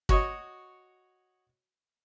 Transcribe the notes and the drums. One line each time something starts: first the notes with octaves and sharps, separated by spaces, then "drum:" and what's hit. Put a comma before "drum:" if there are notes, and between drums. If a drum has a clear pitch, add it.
F#4 C#5 D#5, drum: kick